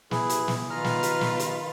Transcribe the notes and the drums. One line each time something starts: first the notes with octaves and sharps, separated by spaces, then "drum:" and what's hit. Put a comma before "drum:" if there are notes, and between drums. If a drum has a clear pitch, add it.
E4 G#4 B4, drum: snare
drum: hi-hat
drum: snare
D#3 F4 B4 A#5 F6
drum: snare
drum: hi-hat
drum: snare
drum: hi-hat